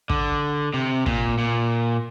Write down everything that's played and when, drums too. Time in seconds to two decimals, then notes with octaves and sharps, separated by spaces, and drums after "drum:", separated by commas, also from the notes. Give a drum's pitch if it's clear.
0.10 D3, drum: kick
0.74 C3
1.06 A#2, drum: kick
1.38 A#2